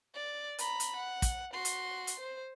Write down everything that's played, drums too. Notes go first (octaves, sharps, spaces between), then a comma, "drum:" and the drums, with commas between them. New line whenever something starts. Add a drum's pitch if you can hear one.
D5
A#5 B5, drum: hi-hat
drum: hi-hat
F#5
drum: kick, hi-hat
F#4 C6
drum: hi-hat
drum: hi-hat
C5